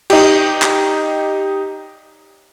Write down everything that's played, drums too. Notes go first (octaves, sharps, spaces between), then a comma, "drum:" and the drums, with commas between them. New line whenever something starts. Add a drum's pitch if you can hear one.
D#4 G4, drum: cymbal
drum: clap